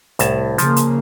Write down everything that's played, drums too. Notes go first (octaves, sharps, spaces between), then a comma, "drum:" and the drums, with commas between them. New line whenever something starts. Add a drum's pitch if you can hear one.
C2 A2 A5, drum: hi-hat
C#3 F3 A#3, drum: hi-hat
drum: hi-hat